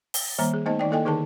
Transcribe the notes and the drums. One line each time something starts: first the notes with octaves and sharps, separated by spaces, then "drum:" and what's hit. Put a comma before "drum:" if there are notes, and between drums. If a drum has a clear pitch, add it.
drum: open hi-hat
D#3 G3 A#3 C5 A#5
G#4
A3 B3 D#4 C5 D#5 A5
D#3 D#4 D5 G5
A#3 E4 A4 D#5 G5 G#5
D3 D#3 D#4 G#4 A#4 A5